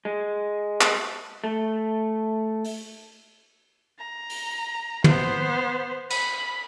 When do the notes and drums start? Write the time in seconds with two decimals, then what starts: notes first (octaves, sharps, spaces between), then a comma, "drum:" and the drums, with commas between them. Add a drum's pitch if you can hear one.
0.05 G#3
0.81 drum: clap
1.44 A3
2.64 drum: open hi-hat
3.99 A#5
4.30 drum: open hi-hat
5.04 B3 C5, drum: tom
6.10 B5, drum: cymbal